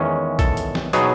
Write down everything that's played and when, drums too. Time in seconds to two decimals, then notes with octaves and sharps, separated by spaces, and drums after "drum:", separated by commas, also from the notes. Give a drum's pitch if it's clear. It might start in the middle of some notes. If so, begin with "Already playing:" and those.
Already playing: E2 D#3 G#3 C#4
0.39 A4, drum: kick A#1, hi-hat
0.57 drum: hi-hat
0.75 drum: snare
0.93 B2 F#3 B3 D#4 G#4, drum: hi-hat